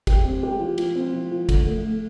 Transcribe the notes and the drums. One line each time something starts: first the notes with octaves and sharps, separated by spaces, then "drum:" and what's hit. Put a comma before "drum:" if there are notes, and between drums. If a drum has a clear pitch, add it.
G4, drum: kick, cymbal
C4
G4
F3
F3, drum: cymbal
C4
F3
F3
D3, drum: kick, cymbal
A3
A3